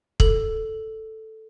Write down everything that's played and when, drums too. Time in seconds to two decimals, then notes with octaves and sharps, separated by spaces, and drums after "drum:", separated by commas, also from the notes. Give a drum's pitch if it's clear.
0.20 A4, drum: kick